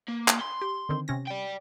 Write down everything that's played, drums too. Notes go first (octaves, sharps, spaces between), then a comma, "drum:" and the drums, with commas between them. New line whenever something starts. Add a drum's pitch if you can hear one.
A#3
drum: clap
B5 C6
G4
D3 D#3 C4
C3 C#4 A#6
D5 G5